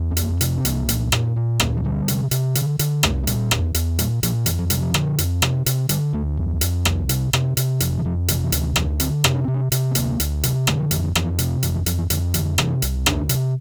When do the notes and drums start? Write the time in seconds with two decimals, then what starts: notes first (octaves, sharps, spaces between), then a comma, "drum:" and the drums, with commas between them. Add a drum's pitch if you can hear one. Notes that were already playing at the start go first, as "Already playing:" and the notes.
Already playing: E2
0.11 C4
0.17 F2 A#3, drum: hi-hat
0.41 C3, drum: hi-hat
0.57 C4
0.65 C2 A#3, drum: hi-hat
0.89 A#2, drum: hi-hat
1.12 A#2, drum: rim click
1.36 A#2
1.60 D2 A#3, drum: rim click
1.77 F3
1.84 D3 G3
2.08 C3, drum: hi-hat
2.31 C3, drum: hi-hat
2.55 D3, drum: hi-hat
2.79 D3, drum: hi-hat
3.03 C2 A3, drum: rim click
3.23 A3
3.27 A#2 G3, drum: hi-hat
3.51 E2, drum: rim click
3.74 E2, drum: hi-hat
3.99 A#2 G3, drum: hi-hat
4.23 A#2 F3, drum: hi-hat
4.46 F2 E3, drum: hi-hat
4.59 F3
4.70 C3 G3, drum: hi-hat
4.82 F3
4.94 D3, drum: rim click
5.18 F2, drum: hi-hat
5.42 C3, drum: rim click
5.66 C3, drum: hi-hat
5.89 D3 G3, drum: hi-hat
6.13 D2 A3
6.37 F2
6.61 F2, drum: hi-hat
6.85 C2, drum: rim click
7.09 C3, drum: hi-hat
7.33 C3, drum: rim click
7.57 C3, drum: hi-hat
7.80 F2 F3, drum: hi-hat
7.99 E3
8.05 F2 F3
8.28 C3 E3, drum: hi-hat
8.44 E3
8.52 D2, drum: hi-hat
8.61 E3
8.76 D2 F3, drum: rim click
9.00 D3 C4, drum: hi-hat
9.24 C3, drum: rim click
9.34 D4
9.44 C3 C4
9.54 D4
9.72 C3, drum: hi-hat
9.91 C4
9.95 D2 A#3, drum: hi-hat
10.20 D2, drum: hi-hat
10.43 C3, drum: hi-hat
10.67 D3 A3, drum: rim click
10.79 F3
10.91 F2 E3, drum: hi-hat
11.03 D3
11.15 F2 E3, drum: rim click
11.39 C3, drum: hi-hat
11.63 F2 E3, drum: hi-hat
11.75 E3
11.86 F2 F3, drum: hi-hat
11.98 E3
12.10 F2 D3, drum: hi-hat
12.34 D3 E3, drum: hi-hat
12.53 F3
12.58 C3 E3, drum: rim click
12.82 C2, drum: hi-hat
13.06 D2 D4, drum: rim click
13.29 C3, drum: hi-hat